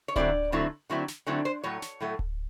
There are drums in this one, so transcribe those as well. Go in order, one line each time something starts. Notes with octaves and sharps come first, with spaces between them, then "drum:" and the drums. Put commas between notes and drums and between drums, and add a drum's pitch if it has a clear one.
C#5
D3 F#3 A3 C4 E4 D5, drum: kick D1
D3 F#3 A3 C4 E4
D3 F#3 A3 C4 E4
drum: snare
D3 F#3 A3 C4 E4
C5
A2 F#3 A3 C#5
drum: snare
A2 F#3 A3
drum: kick D1